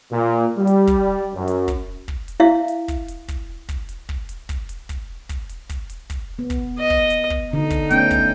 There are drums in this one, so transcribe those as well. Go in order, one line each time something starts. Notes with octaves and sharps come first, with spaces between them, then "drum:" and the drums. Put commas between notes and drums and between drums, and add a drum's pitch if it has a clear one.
A#2
G3
drum: hi-hat
drum: kick, hi-hat
F#2
drum: hi-hat
drum: kick, hi-hat
drum: kick
drum: hi-hat
E4 E5 F5
drum: hi-hat
drum: kick, hi-hat
drum: hi-hat
drum: kick, hi-hat
drum: kick, hi-hat
drum: hi-hat
drum: kick
drum: hi-hat
drum: kick, hi-hat
drum: hi-hat
drum: kick, hi-hat
drum: kick, hi-hat
drum: hi-hat
drum: kick, hi-hat
drum: hi-hat
drum: kick, hi-hat
B3
drum: kick, hi-hat
D#5
drum: kick
drum: hi-hat
drum: kick
D3 D#4
drum: kick, hi-hat
A3 B3 C#4 G5, drum: hi-hat
drum: kick, hi-hat